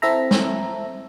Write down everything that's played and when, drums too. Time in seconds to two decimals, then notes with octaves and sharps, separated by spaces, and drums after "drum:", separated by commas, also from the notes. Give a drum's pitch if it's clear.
0.02 C4 E4 A4 E5 A#5
0.31 drum: snare